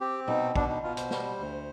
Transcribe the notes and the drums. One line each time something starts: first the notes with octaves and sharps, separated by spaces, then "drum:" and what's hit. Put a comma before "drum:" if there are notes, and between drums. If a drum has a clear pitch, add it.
C4 G4
B2 D#4, drum: tom A#2
B2 D4, drum: kick
D#4
B2 F4
C5, drum: hi-hat
G3, drum: snare
D2